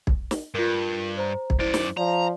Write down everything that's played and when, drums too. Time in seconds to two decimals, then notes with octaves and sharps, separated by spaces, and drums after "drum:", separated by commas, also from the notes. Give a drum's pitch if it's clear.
0.07 drum: kick
0.31 drum: snare
0.55 G2 F4 A#4
1.18 C5 A#5
1.50 drum: kick
1.59 F#2 E4 C5 D5
1.74 drum: snare
1.97 F3 D5 A#5